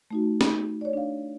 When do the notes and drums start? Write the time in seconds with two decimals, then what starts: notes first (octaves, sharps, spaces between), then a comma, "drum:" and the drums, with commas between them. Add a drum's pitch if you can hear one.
0.11 A3 D#4 F#4
0.41 D#4, drum: snare
0.81 C#5 D5
0.93 D4 F5